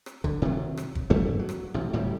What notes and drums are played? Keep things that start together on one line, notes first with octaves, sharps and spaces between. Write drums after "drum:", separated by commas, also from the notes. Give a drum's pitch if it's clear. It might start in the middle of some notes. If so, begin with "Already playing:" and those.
drum: rim click
D3, drum: kick
C3 D#3 F3 F#3
drum: rim click
drum: kick
G#1 E2 G2 A3
F#3
drum: rim click
A1 C3
D1 A2 C#3 G3